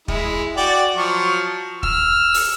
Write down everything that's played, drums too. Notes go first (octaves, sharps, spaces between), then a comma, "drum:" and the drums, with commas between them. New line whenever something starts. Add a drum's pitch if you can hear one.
G#3 E4, drum: kick
F#4 D5 G5
F3 F#3 C#6
E6 F6, drum: kick
drum: open hi-hat